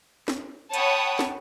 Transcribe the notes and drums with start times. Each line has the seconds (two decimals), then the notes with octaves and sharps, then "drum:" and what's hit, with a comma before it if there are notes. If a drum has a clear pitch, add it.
0.28 drum: snare
0.74 C#5 F#5 G5 A5 B5 D#6, drum: hi-hat
1.19 drum: snare